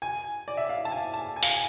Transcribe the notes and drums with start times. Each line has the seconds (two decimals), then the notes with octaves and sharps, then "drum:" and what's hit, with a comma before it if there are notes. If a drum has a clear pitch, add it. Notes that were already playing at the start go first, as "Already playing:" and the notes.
0.02 G#5
0.48 D5
0.57 E5
0.69 F5
0.85 A5
0.91 G#5
1.14 A5
1.36 G#5
1.43 F5, drum: open hi-hat
1.50 G#5